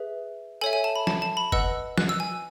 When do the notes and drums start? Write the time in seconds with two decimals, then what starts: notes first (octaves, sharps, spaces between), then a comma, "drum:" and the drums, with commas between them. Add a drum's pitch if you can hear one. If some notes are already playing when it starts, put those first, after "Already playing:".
Already playing: G#4 B4 E5
0.61 A4 C#5 E5 G#5
0.73 G#5
0.84 A5
0.96 B5
1.07 A5, drum: snare
1.22 A5
1.37 B5
1.52 B4 D#5 F#5 E6, drum: kick F#1
1.98 F#6, drum: snare
2.09 E6
2.20 G#5